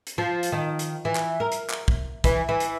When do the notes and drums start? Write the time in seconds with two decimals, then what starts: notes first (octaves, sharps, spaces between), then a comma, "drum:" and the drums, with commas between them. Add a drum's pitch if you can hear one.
0.07 drum: hi-hat
0.18 F3
0.43 drum: hi-hat
0.52 D#3
0.79 drum: hi-hat
1.05 E3
1.15 drum: clap
1.40 A#4
1.52 drum: hi-hat
1.70 drum: clap
1.88 drum: kick
2.24 E3, drum: kick, hi-hat
2.49 E3
2.60 drum: hi-hat